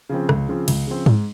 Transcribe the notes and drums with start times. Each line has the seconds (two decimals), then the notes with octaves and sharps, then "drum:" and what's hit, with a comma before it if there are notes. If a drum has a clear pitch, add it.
0.09 C#3 F3 C4
0.29 C#2, drum: rim click
0.49 C#3 F3 C4
0.68 C#2, drum: cymbal
0.87 C#3 F3 C4
1.06 G#2, drum: tom G#2